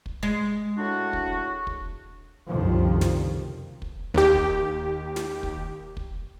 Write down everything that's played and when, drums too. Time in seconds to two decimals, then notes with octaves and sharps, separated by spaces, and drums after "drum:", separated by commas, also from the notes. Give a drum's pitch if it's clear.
0.06 drum: kick
0.23 G#3
0.78 A2 D4 F#4
1.13 drum: kick
1.67 drum: kick
2.47 F#1 C2 F2 D3 D#3 F3
3.01 drum: snare
3.82 drum: kick
4.14 D#2 G4
4.36 drum: kick
5.16 drum: snare
5.43 drum: kick
5.97 drum: kick